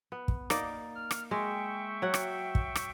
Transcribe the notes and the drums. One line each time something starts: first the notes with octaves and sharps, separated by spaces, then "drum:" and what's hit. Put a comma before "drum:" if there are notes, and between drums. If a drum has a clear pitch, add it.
B3
drum: kick
A#3 D#4 D5, drum: rim click
F6
drum: rim click
G#3 E5 G5 C#6
F#3 C#5 F#5
drum: rim click
drum: kick
drum: rim click